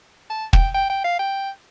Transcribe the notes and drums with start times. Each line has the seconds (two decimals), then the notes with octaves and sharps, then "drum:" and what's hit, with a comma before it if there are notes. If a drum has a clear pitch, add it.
0.30 A5
0.53 G5, drum: kick
0.75 G5
0.90 G5
1.04 F5
1.19 G5